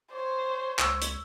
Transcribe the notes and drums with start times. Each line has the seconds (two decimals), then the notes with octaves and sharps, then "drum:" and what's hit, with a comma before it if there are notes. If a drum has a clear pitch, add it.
0.12 C5 C#5
0.79 C#2 E6, drum: clap
1.02 drum: hi-hat